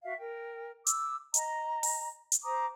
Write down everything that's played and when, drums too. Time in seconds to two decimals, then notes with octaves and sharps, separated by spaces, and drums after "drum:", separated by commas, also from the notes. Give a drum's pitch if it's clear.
0.03 F#4 E5 F5
0.18 A#4 G5
0.87 D6 E6, drum: hi-hat
1.34 D#5 A#5, drum: hi-hat
1.83 drum: open hi-hat
2.32 drum: hi-hat
2.44 C5 A#5 D6 D#6